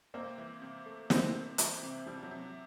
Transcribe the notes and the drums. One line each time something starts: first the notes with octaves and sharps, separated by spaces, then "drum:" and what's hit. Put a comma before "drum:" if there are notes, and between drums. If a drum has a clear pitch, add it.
C3 A#3 C4
E3
C3
A3
C3 A#3 C4, drum: snare
C3
E3, drum: hi-hat
C3
C3 F3 G3
F#3
C3
F#3